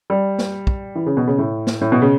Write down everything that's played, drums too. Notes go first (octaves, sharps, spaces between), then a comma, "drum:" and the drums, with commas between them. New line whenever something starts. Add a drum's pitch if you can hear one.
G3
drum: snare
drum: kick
E3
C#3
B2
C#3
A2
drum: snare
A2
B2
C#3